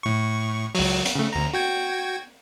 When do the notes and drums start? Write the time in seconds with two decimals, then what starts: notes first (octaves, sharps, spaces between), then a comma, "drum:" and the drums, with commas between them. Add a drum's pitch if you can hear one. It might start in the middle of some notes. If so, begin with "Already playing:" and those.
0.03 A2 C#6
0.75 C#2 F#3, drum: open hi-hat
1.05 drum: hi-hat
1.15 C#3 A3
1.33 D2 A#5
1.54 F#4 G5 G#6